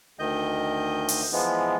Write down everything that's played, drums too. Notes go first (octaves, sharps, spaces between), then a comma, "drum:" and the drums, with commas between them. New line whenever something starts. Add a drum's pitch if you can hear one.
D2 D#3 D#5 G6
drum: open hi-hat
E3 F3 G#3 B3